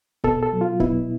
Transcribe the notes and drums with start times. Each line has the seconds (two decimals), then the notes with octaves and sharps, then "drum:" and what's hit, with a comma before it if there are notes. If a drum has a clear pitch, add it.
0.24 B2 A4, drum: kick
0.43 A4
0.53 F#3
0.61 F4
0.80 B2 E4, drum: kick